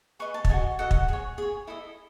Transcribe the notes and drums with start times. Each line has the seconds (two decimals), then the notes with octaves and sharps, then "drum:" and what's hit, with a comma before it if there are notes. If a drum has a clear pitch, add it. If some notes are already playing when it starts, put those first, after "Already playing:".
0.19 G#4 B4 D#5 C#6
0.34 A5
0.45 A5, drum: kick
0.49 F#4 A4 D#5 G#5
0.79 F#4 A4 D#5 F#5
0.91 drum: kick
1.08 G#4 C#5
1.38 G#4 C#5
1.67 E4 A4 D#5